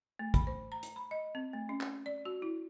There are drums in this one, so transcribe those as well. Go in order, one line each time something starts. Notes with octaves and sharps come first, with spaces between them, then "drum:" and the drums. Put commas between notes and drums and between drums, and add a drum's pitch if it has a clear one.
A3
B5, drum: kick, hi-hat
C5
A#5
drum: hi-hat
B5
D#5
C4
A3
C#4
drum: clap
D5
F#4
E4